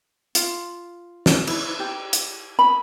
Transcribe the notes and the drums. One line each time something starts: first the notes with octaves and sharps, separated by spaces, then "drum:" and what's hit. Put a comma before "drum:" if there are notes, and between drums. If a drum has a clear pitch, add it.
F4, drum: hi-hat
drum: snare
E4, drum: cymbal
G4
drum: hi-hat
B5